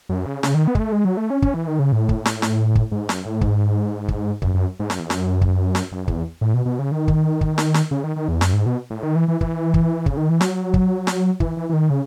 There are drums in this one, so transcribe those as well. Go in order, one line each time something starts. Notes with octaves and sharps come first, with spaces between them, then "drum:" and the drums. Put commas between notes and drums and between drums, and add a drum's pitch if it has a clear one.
F#2
C#3
C#3, drum: snare
D#3
B3
G#3, drum: kick
A3
G#3
F#3
A3
C#4
C#4, drum: kick
E3
D#3
C#3
A2
drum: kick
drum: snare
drum: snare
drum: kick
G#2
F#2, drum: snare
A2
G#2, drum: kick
drum: kick
F#2, drum: kick
F#2
G#2
F#2, drum: snare
E2
F#2, drum: snare
drum: kick
drum: snare
F#2
E2, drum: kick
A2
B2
B2
C#3
D#3
drum: kick
drum: kick
drum: snare
drum: snare
C#3
D#3
D#3
E2
F#2, drum: snare
G#2
B2
A2
D#3
E3
E3
E3, drum: kick
drum: kick
C#3, drum: kick
D#3
E3
F#3, drum: snare
drum: kick
drum: snare
E3, drum: kick
E3
E3
D#3
C#3